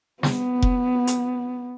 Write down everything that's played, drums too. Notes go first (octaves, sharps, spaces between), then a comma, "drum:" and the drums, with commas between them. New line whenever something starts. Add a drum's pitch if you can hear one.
B3, drum: snare
drum: kick F1
drum: hi-hat